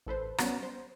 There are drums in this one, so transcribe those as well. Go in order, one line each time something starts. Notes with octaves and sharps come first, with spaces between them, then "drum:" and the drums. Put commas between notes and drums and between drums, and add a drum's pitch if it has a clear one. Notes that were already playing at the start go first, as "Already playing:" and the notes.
A1 A4 B4 C5
F#3 G3 B3 C#4, drum: rim click
C5